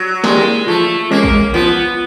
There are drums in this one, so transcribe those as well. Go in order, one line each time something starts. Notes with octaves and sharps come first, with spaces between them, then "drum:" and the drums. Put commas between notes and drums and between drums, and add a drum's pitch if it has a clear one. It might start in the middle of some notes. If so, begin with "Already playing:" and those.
Already playing: F#3
E3 G3 G#3 A#3, drum: snare
F3 A3
G#3 A#3 C#4
drum: kick
F3 B3